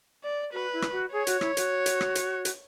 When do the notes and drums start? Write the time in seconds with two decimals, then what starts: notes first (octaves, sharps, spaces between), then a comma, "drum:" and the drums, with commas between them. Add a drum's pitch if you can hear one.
0.23 D5
0.53 F#4 B4
0.73 E4
0.82 drum: rim click
0.92 F#4
1.12 G#4 C#5
1.27 F#4, drum: hi-hat
1.41 E4, drum: rim click
1.57 F#4, drum: hi-hat
1.86 drum: hi-hat
2.01 drum: rim click
2.15 drum: hi-hat
2.45 drum: hi-hat